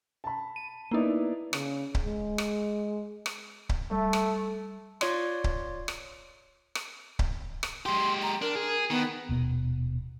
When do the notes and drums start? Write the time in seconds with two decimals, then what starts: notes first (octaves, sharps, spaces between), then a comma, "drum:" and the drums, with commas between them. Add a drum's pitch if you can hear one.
0.24 A5 B5
0.56 D#7
0.91 A#3 B3 D#4 E4 D5
1.53 C#3, drum: rim click
1.95 drum: kick C#1
2.05 G#3
2.38 drum: rim click
3.26 drum: rim click
3.69 drum: kick C#1
3.91 G3 A3
4.13 drum: rim click
5.01 F4 C#5 D5 C6, drum: rim click
5.44 drum: kick C#1
5.88 drum: rim click
6.75 drum: rim click
7.19 drum: kick C#1
7.63 drum: rim click
7.86 G#3 G4 C6
8.23 A#5
8.42 D4 A#4
8.55 G#4
8.90 D#3 B3
9.29 D#1 B2 B3